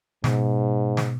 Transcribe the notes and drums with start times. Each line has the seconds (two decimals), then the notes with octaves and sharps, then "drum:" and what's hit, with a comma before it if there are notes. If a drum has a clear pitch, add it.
0.24 G#2 B2, drum: snare
0.97 drum: snare